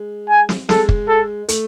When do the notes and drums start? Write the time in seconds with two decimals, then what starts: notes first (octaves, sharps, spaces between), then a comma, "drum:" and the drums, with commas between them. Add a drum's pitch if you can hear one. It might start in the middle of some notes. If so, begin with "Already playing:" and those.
Already playing: G#3
0.29 G#5
0.49 drum: snare
0.69 G#3 A4, drum: snare
0.89 drum: kick
1.08 A4
1.49 A3, drum: hi-hat